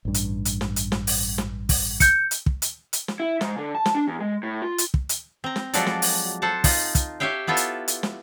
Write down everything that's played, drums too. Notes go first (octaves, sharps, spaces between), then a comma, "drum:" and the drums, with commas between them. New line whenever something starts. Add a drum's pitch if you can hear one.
A1 G2
drum: hi-hat
drum: hi-hat
drum: snare
drum: hi-hat
drum: snare
drum: open hi-hat
drum: snare
drum: kick, open hi-hat
G6 C#7, drum: kick, hi-hat
drum: hi-hat
drum: kick
drum: hi-hat
drum: hi-hat
drum: snare
E4
G#2, drum: snare
D3
A5
drum: snare
D4
E2
G#3
A2
F4
drum: hi-hat
drum: kick
drum: hi-hat
C4 A#5
drum: snare
F3 F#3 G#3 F#4 A4 D5, drum: hi-hat
drum: snare
drum: open hi-hat
A4 C5 F#5 A5
D#4 F4, drum: kick, open hi-hat
drum: kick, hi-hat
G4 C#5 E5 F5 G5
B3 E4 F4 A4 E5
drum: hi-hat
drum: hi-hat
drum: snare